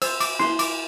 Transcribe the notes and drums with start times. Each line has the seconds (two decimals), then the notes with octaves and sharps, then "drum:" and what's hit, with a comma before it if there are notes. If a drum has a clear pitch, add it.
0.02 C5 E6, drum: cymbal
0.20 D6, drum: cymbal
0.39 E4 C6, drum: snare
0.59 D6, drum: cymbal